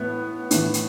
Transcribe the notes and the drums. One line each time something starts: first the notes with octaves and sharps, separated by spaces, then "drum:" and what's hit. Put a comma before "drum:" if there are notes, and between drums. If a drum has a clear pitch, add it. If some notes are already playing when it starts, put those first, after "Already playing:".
Already playing: A2 E3 B3
A2 E3, drum: hi-hat
drum: hi-hat